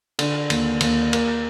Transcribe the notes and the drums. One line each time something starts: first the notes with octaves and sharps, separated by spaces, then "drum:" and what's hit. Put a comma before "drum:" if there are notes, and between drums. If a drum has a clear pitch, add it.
D3, drum: cymbal
D#2, drum: cymbal
D#2, drum: cymbal
A#3, drum: cymbal